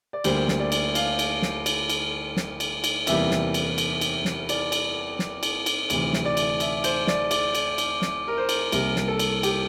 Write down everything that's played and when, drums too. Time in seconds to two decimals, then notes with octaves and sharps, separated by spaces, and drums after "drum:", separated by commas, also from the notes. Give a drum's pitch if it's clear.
0.13 D5
0.24 D2 D3 G3 A#3 C5, drum: cymbal
0.48 drum: snare
0.60 D5
0.72 drum: cymbal
0.95 F5, drum: cymbal
1.19 drum: cymbal
1.42 drum: snare
1.66 drum: cymbal
1.89 drum: cymbal
2.37 drum: snare
2.60 drum: cymbal
2.84 drum: cymbal
3.07 E2 C3 E3 G3 A#3 E5, drum: cymbal
3.31 drum: snare
3.54 drum: cymbal
3.78 drum: cymbal
4.01 drum: cymbal
4.25 drum: snare
4.49 D5, drum: cymbal
4.72 drum: cymbal
5.19 drum: snare
5.43 drum: cymbal
5.66 drum: cymbal
5.90 D2 C3 E3, drum: cymbal
6.13 drum: snare
6.25 D5
6.37 drum: cymbal
6.60 E5, drum: cymbal
6.84 C5, drum: cymbal
7.07 D5, drum: snare
7.31 D5, drum: cymbal
7.55 drum: cymbal
7.78 drum: cymbal
8.02 drum: snare
8.28 A#4
8.37 C5
8.49 drum: cymbal
8.72 C2 C3 G3 A#3 A#4, drum: cymbal
8.96 drum: snare
9.08 A4
9.19 drum: cymbal
9.43 G4, drum: cymbal